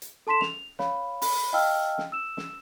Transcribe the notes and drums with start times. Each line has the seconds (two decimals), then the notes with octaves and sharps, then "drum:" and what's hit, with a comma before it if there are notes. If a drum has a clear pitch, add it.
0.02 drum: hi-hat
0.27 A4 A5 C6 B6 E7
0.41 F7, drum: snare
0.79 C#5 F5 B5, drum: snare
1.22 B5, drum: open hi-hat
1.53 D#5 F5 G5 A5 E6 F6
1.98 drum: snare
2.12 E6 E7
2.37 drum: snare